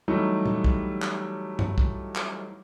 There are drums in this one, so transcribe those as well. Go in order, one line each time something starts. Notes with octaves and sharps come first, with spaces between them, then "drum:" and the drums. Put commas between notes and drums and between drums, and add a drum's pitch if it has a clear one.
E3 F#3 G3 A3 D#4
drum: tom
drum: kick
drum: clap
drum: tom G2
drum: kick
drum: clap